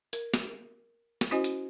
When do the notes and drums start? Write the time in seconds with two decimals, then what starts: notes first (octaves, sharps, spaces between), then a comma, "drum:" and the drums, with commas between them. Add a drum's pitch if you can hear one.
0.13 A#4, drum: hi-hat
0.34 drum: snare
1.21 drum: snare
1.31 C#4 E4 F#4 C5 D#5 G#5
1.44 drum: hi-hat